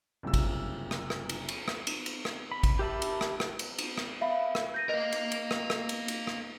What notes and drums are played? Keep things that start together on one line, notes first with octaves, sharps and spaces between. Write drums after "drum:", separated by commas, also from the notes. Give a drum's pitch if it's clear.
F#1 C2 F#2 F3 E6
drum: kick, cymbal
drum: rim click
drum: rim click
drum: cymbal
drum: cymbal
drum: rim click
drum: cymbal
drum: cymbal
drum: rim click
B5
drum: kick, cymbal
G4 A#4 E5 A5 B5
drum: cymbal
drum: rim click
drum: rim click
drum: cymbal
drum: cymbal
drum: rim click
E5 F5 B5
drum: rim click
G6 A#6 D#7
A#4 D#5 F5
drum: cymbal
drum: cymbal
drum: rim click
drum: rim click
drum: cymbal
drum: cymbal
drum: rim click